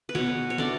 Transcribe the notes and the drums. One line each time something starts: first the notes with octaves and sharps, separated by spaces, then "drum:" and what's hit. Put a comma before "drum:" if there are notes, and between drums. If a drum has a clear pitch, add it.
B4
B2 C#5, drum: snare
C#5
A3 D4 D5, drum: snare